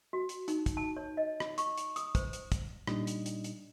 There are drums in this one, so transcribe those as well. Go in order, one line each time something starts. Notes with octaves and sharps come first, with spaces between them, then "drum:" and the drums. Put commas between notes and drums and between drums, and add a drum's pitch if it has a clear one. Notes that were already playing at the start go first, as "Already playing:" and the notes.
F#4
drum: hi-hat
D#4, drum: hi-hat
drum: kick, hi-hat
A5
C#5
D#5
drum: rim click
C#6, drum: hi-hat
drum: hi-hat
D#6, drum: hi-hat
C5, drum: kick, hi-hat
drum: hi-hat
drum: kick, hi-hat
A#2 G3 D4 D#4 D#5, drum: rim click
drum: hi-hat
drum: hi-hat
drum: hi-hat